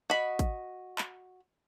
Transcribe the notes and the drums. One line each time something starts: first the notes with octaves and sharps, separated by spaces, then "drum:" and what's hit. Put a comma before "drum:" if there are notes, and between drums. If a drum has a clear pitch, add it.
F#4 D#5 B5
drum: kick, hi-hat
drum: clap